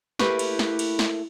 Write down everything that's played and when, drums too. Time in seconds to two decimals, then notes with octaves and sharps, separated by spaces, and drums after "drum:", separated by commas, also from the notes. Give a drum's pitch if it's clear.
0.19 A3 A#3 E4 G4 B4 C#6, drum: snare
0.39 drum: cymbal
0.59 drum: snare
0.79 drum: cymbal
0.99 drum: snare